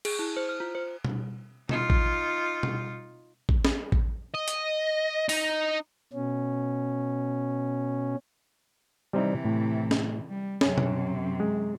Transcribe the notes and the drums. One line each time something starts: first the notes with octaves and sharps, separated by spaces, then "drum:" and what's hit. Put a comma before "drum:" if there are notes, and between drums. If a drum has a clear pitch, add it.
G#4, drum: cymbal
E4
C5
F6
F4
C5
drum: tom B2
D#4 F4, drum: tom B2
drum: kick A1
drum: tom B2
drum: kick A1
drum: snare
drum: kick A1
D#5
drum: hi-hat
D#4, drum: open hi-hat
B2 C#4
C3 E3 G3 C4 D#4
A2
drum: snare
G3
F#2 C3 C#4, drum: snare
drum: tom B2
G#3